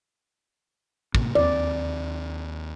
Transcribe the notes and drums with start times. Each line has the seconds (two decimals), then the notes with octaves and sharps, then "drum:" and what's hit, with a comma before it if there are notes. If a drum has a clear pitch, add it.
1.15 A2 C3 A#3, drum: kick
1.35 D#2 C4 D5, drum: tom E2